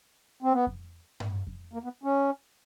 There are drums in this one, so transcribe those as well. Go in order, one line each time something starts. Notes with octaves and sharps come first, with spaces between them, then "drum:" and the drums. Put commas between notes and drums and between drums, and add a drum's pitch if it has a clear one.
C4
B3
drum: kick F2
drum: tom G2
drum: kick F2
A#3
B3
C#4